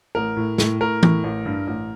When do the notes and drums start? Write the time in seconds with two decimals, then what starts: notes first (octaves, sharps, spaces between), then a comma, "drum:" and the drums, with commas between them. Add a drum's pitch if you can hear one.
0.15 A1 A#4
0.36 A2
0.58 A2, drum: snare
0.81 A2 A#4
1.03 A2, drum: tom E3
1.24 A1
1.46 G2
1.67 A1